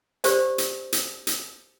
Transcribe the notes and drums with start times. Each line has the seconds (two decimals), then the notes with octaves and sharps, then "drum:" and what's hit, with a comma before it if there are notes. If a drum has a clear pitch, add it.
0.24 G4 C5 D5, drum: hi-hat
0.58 drum: hi-hat
0.93 drum: hi-hat
1.27 drum: hi-hat